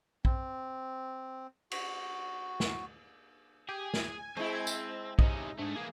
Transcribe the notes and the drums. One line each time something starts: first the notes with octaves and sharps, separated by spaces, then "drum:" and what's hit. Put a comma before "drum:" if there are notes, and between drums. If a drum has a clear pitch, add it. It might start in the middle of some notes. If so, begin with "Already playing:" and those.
C4, drum: kick
F#4, drum: cymbal
drum: snare
G4 G#4
G#5, drum: snare
G#3 C4 E4 C5
drum: tambourine
C3 C#4 D#4, drum: kick
G#2 A3 D4 G#4
E3 A#3 G#4 G#5